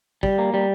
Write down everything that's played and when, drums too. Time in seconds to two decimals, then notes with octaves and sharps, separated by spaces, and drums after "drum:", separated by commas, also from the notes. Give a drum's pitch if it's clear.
0.23 G3, drum: kick
0.38 A#3
0.54 G3